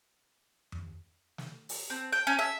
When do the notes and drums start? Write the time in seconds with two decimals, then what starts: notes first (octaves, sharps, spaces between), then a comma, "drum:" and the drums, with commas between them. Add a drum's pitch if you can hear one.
0.72 drum: tom F2
1.38 drum: snare
1.69 drum: open hi-hat
1.90 C4
2.12 G5
2.27 C#4
2.39 E5